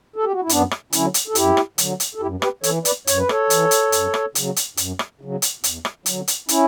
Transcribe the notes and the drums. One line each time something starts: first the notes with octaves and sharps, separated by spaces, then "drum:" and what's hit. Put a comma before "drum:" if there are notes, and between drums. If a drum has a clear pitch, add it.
A4
G4
F#4
E4
F#2 B3 D4, drum: hi-hat
drum: rim click
D3 F#3 C#4 E4, drum: hi-hat
drum: hi-hat
A4
F#2 E4 G4, drum: hi-hat
drum: rim click
D3 F#3, drum: hi-hat
drum: hi-hat
A4
F#2 E4 G4
G4 B4, drum: rim click
E3 A4 C#5, drum: hi-hat
B4 D5, drum: hi-hat
F#2 C#5, drum: hi-hat
B4
A4 C#5, drum: rim click
E3, drum: hi-hat
drum: hi-hat
F#2, drum: hi-hat
drum: rim click
C#3 F#3, drum: hi-hat
drum: hi-hat
F#2, drum: hi-hat
drum: rim click
C#3 F#3
drum: hi-hat
E2, drum: hi-hat
drum: rim click
D3 F#3, drum: hi-hat
drum: hi-hat
C#4 E4, drum: hi-hat